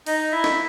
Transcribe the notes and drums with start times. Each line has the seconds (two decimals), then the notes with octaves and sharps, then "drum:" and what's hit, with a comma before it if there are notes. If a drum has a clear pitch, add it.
0.06 D#4 D#5, drum: open hi-hat
0.32 E4 E5
0.44 drum: snare